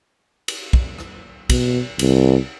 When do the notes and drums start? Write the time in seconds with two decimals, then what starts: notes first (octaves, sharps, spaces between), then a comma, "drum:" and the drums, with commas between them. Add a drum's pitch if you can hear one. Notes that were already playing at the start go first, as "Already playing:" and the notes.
0.48 drum: cymbal
0.73 drum: kick
0.99 drum: rim click
1.50 B2, drum: kick, cymbal
1.99 C2, drum: cymbal